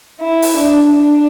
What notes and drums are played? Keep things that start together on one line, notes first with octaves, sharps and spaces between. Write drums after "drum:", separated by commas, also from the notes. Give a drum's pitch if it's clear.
E4
drum: open hi-hat
D4
D4